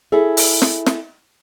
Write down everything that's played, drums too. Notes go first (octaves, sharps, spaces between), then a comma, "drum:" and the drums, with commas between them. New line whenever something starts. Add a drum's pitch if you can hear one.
E4 G#4 A4 E5
drum: open hi-hat
drum: snare
drum: snare